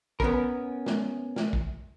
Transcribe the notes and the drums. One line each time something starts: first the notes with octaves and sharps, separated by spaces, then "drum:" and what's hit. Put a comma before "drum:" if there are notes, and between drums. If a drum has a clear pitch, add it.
B3 C#4 A#4, drum: kick
drum: snare
drum: snare
drum: kick